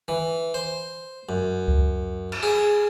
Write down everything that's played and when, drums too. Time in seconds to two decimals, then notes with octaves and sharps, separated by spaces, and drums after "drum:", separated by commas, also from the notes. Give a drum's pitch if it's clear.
0.08 E3
0.54 C5
1.29 F#2
1.68 drum: kick C#2
2.32 drum: cymbal
2.43 G#4